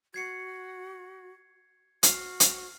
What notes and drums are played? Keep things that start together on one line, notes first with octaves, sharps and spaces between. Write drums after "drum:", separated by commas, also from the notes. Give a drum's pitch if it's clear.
F#4 G#6 C7 C#7
F#4 F6 C7, drum: hi-hat
drum: hi-hat